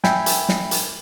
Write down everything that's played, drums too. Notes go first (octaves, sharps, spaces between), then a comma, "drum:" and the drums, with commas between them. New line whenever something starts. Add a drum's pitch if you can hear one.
E5 G5 G#5 B5, drum: snare
drum: hi-hat
drum: snare
drum: hi-hat